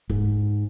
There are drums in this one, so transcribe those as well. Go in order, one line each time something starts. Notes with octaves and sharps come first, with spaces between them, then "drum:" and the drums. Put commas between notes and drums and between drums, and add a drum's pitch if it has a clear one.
G#2, drum: kick